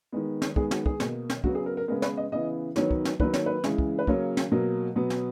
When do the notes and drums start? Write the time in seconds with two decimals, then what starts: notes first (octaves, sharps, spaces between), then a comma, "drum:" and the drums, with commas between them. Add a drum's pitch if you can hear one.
0.12 D#3 G#3 B3
0.42 drum: snare
0.56 D#3 G#3 B3 G#4, drum: kick
0.71 F#4, drum: snare
0.86 G#4, drum: kick
1.00 B2 A#3, drum: snare
1.30 drum: snare
1.44 C#3 F#3 B3 F#4, drum: kick
1.55 G#4
1.66 A#4
1.77 A#4
1.88 C#3 G#3 B3 A#4
2.02 B4, drum: snare
2.17 D#5
2.32 C#3 E3 B3 D#5
2.76 D#3 F#3 B3 C#5, drum: snare
2.91 drum: kick
3.05 drum: snare
3.20 D#3 F#3 A#3 B4, drum: kick
3.34 C#5, drum: snare
3.46 B4
3.64 C#3 E3 G#3, drum: snare
3.78 drum: kick
3.99 B4
4.07 C#3 F#3 A#3 C#5, drum: kick
4.37 drum: snare
4.52 B2 F#3 A#3
4.96 B2 F#3 B3
5.10 drum: snare